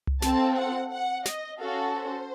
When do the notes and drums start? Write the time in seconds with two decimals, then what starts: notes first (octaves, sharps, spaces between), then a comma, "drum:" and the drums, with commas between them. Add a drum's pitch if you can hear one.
0.07 drum: tom C2
0.22 C4 F4 A4 A5, drum: snare
0.56 F#5
0.92 F#5
1.25 D#5, drum: snare
1.60 C#4 F#4 A4 F5
1.95 C5